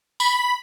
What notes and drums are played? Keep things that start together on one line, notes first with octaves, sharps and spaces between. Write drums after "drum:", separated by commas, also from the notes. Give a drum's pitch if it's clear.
B5, drum: tambourine